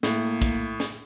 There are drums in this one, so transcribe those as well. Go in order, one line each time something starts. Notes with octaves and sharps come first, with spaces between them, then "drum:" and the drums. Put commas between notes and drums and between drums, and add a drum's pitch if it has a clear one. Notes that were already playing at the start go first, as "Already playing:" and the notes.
A2 A#3, drum: snare
drum: kick, hi-hat
drum: snare